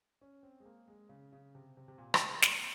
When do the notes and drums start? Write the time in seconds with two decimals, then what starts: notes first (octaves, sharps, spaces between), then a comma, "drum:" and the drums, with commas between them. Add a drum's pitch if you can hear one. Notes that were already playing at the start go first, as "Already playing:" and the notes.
0.21 C#4
0.43 C4
0.60 G#3
0.65 A#3
0.88 G#3
1.09 C#3
1.33 C#3
1.55 C3
1.77 C3
1.88 C3
1.98 A#2
2.14 C3, drum: rim click
2.28 G#3
2.42 A#3, drum: snare
2.56 C4